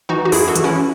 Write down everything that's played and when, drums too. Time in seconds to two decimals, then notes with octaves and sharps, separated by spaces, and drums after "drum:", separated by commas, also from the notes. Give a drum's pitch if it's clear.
0.09 E3 D#4 F#4
0.25 F#4
0.32 F#2 E4 G#4, drum: open hi-hat
0.48 F#4 A4
0.56 E3, drum: hi-hat
0.64 C#4 E4